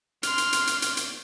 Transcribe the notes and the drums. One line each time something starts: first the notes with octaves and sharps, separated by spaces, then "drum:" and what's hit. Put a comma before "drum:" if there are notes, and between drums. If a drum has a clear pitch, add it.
C6 F6, drum: hi-hat
drum: hi-hat
drum: hi-hat
drum: hi-hat
drum: hi-hat
drum: hi-hat